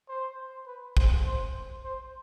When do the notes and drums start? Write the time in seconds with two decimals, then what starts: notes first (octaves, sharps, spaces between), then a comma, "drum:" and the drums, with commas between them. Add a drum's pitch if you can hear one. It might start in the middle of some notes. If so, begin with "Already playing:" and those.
0.08 C5
0.66 B4
0.97 C5, drum: kick
1.26 C5
1.84 C5